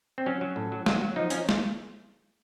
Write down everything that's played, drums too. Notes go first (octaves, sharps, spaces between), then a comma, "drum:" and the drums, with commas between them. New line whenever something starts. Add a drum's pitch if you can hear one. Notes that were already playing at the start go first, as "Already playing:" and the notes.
C4
F#3 C#4
F#3
A2
F#3
F#3, drum: snare
F#3
F3 D#4
F3 C#4, drum: hi-hat
drum: snare